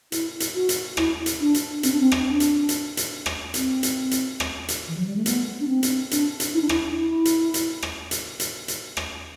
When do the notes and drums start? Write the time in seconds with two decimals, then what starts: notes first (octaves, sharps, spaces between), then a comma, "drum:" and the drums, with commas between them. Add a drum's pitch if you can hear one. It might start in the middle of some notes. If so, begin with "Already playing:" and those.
0.12 E4, drum: hi-hat
0.40 drum: hi-hat
0.55 F#4
0.69 drum: hi-hat
0.97 E4, drum: rim click
1.26 drum: hi-hat
1.41 D4
1.54 drum: hi-hat
1.83 C4, drum: hi-hat
1.92 D4
2.00 C4
2.12 drum: rim click
2.26 D4
2.40 drum: hi-hat
2.69 drum: hi-hat
2.97 drum: hi-hat
3.26 drum: rim click
3.54 C4, drum: hi-hat
3.83 drum: hi-hat
4.11 drum: hi-hat
4.40 drum: rim click
4.68 drum: hi-hat
4.88 E3
4.97 F#3
5.06 G3
5.17 A3
5.26 B3, drum: hi-hat
5.60 D4
5.68 C4
5.83 drum: hi-hat
6.11 D4, drum: hi-hat
6.40 drum: hi-hat
6.54 E4
6.61 D4
6.69 E4, drum: rim click
6.97 E4
7.25 drum: hi-hat
7.54 drum: hi-hat
7.82 drum: rim click
8.11 drum: hi-hat
8.40 drum: hi-hat
8.68 drum: hi-hat
8.97 drum: rim click